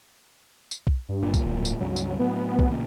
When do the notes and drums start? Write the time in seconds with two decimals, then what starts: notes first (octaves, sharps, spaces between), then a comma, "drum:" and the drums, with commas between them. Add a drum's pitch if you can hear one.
0.71 drum: tambourine
0.87 drum: kick
1.09 G2
1.23 G1 A#2
1.34 drum: kick, tambourine
1.45 D1
1.65 drum: tambourine
1.81 C#2 G2 C#3 F#3
1.96 drum: tambourine
2.19 A2 F#3 B3
2.59 drum: kick
2.71 A1 A#2 C#3